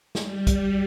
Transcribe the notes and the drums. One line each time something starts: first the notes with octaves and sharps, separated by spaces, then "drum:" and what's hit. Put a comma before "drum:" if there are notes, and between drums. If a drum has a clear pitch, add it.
G3, drum: snare
drum: kick, hi-hat